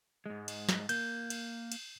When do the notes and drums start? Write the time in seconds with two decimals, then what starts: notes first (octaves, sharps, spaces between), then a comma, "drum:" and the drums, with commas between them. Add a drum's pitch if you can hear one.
0.26 G#2 G#3
0.48 drum: cymbal
0.69 drum: snare
0.89 A#3 G6, drum: cymbal
1.30 drum: cymbal
1.72 drum: cymbal